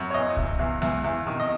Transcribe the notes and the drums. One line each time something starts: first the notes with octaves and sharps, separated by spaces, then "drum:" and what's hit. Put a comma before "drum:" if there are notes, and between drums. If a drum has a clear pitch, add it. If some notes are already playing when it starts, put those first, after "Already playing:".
Already playing: F#2
C#5
E2 D#5
E2, drum: kick C2
E2
E2, drum: snare G#3
E2
D#3
D#5